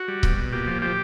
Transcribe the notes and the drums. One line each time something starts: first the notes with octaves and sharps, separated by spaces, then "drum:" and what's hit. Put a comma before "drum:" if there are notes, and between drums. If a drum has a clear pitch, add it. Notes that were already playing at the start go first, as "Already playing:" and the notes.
Already playing: F#4
G3
B2, drum: kick C#1
B2
A#2 G4
F3
F3 G4